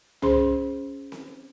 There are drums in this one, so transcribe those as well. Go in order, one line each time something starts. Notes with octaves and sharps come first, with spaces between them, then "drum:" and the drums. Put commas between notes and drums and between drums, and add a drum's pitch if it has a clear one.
C#4 G#4 C5 C6, drum: tom
drum: snare C4